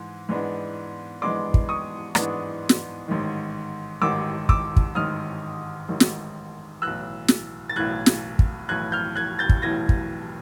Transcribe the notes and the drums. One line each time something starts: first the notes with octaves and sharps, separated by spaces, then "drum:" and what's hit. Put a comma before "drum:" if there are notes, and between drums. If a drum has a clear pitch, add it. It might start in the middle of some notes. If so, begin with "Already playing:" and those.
Already playing: G#2 E3 G#3
G#2 E3 G#3 B3 D4
G#2 E3 G#3 B3 D4 C6 D6
drum: kick
C#6 D#6
G#2 E3 G#3 B3 D4, drum: rim click
drum: snare
A1 G#2 D#3
A1 G#2 D#3 D6 E6
D6 E6, drum: kick
drum: kick
A1 G#2 D#3 D#6 F6
A1 G#2 D#3
drum: snare
B1 A2 E3 E6 F#6
drum: snare
A6
B1 A2 E3 F#6 G#6
drum: snare
drum: kick
B1 A2 E3 F#6 G#6
F6 G6
F#6 G#6
G6 A6
drum: kick
B1 A2 E3 G#6 A#6
drum: kick